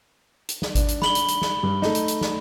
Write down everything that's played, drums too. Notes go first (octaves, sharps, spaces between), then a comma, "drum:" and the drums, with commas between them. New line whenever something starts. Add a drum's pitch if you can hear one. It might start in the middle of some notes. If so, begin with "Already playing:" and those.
drum: hi-hat
drum: snare
D4, drum: kick G#1, hi-hat
drum: hi-hat
B5 F#7 G7, drum: snare
drum: hi-hat
drum: hi-hat
drum: snare
G2
A3 D#4, drum: snare
drum: hi-hat
drum: hi-hat
drum: snare